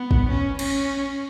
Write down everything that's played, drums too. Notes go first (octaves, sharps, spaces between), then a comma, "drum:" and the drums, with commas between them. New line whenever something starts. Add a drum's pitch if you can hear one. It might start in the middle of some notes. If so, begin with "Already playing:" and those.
Already playing: B3
drum: kick
C#4
C#4, drum: cymbal